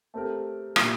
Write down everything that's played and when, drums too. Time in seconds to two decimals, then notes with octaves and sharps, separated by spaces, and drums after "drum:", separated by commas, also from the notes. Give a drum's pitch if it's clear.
0.14 A3 C4 G4 A#4
0.76 A#2 G3 A#3 E4, drum: rim click